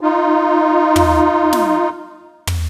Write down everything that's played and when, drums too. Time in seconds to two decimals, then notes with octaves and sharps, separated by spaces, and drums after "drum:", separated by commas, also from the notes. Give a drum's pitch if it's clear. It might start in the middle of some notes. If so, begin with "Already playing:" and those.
0.01 D#4 F4
0.96 drum: tom
1.53 drum: snare
2.47 drum: tom